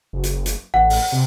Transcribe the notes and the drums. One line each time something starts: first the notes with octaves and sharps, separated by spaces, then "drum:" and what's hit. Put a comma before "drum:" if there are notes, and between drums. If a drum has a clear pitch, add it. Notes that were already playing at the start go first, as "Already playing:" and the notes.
F#1
drum: hi-hat
drum: hi-hat
A1 F#5
drum: open hi-hat
C3